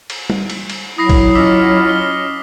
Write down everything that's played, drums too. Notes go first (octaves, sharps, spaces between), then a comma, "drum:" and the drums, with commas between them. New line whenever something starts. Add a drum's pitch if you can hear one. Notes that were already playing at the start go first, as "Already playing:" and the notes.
drum: cymbal
drum: tom
drum: cymbal
drum: cymbal
F#3 E4 D#6 A#6 C7
drum: kick A#1, cymbal
C#4 F4 D#5 D6 E6 B6
G7